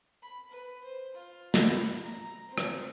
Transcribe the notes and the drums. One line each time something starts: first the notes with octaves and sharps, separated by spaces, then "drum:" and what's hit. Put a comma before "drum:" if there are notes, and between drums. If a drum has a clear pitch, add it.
B5
B4
C5
F4
B5, drum: snare
A#5
C4
drum: rim click